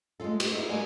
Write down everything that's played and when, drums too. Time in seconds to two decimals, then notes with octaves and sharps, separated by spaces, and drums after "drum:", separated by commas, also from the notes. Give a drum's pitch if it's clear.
0.20 G#3 A3 D4 F4 A4
0.40 G4, drum: cymbal
0.52 D#4 E4 F#4
0.70 G3 G#3 A#3 C4 F#4 G#4